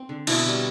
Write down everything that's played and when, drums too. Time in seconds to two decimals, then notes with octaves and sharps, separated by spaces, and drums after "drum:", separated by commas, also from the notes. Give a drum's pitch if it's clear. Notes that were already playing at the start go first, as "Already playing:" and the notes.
Already playing: C4
0.09 D3
0.27 B2 E4, drum: cymbal
0.46 G3